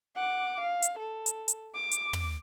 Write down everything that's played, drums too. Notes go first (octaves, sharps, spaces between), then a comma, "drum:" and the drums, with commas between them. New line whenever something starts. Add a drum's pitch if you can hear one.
F#5 D6
F5
drum: hi-hat
A4
drum: hi-hat
drum: hi-hat
D6
drum: hi-hat
drum: tom